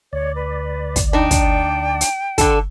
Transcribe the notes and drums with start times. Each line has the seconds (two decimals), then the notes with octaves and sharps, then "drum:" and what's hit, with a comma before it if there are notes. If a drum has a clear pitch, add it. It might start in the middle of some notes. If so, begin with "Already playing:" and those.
0.13 D2 C#5 D5
0.36 B4
0.96 drum: kick, hi-hat
1.13 D4 D#4 G5
1.31 drum: kick, hi-hat
2.01 drum: hi-hat
2.38 D3 A4, drum: kick, hi-hat